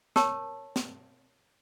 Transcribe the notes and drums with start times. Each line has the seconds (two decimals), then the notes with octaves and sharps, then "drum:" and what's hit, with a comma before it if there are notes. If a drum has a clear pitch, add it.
0.16 G4 A#4 C#5 A5, drum: snare
0.76 drum: snare